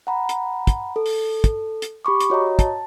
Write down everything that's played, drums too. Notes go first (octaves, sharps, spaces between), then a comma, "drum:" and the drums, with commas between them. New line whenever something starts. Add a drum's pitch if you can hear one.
F#5 A#5 B5
drum: hi-hat
drum: kick, hi-hat
A4
drum: open hi-hat
drum: kick, hi-hat
drum: hi-hat
G4 B5 C#6 D6
drum: hi-hat
F#4 C#5 D#5 A#5
A5, drum: kick, hi-hat